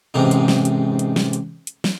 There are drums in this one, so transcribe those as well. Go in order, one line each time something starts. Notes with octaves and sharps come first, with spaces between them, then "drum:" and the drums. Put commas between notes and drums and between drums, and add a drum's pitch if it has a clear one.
A1 G#2 C3 D#4
drum: hi-hat
drum: snare
drum: hi-hat
drum: hi-hat
drum: snare
drum: hi-hat
drum: hi-hat
drum: snare